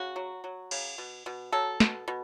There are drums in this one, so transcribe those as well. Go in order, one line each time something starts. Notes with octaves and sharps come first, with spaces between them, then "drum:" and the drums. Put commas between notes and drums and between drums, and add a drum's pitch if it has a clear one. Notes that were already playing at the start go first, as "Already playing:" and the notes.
Already playing: C#3 F#4
F#3
F#3
C#3, drum: cymbal
B2
B2
F#3 A4
B2, drum: snare
B2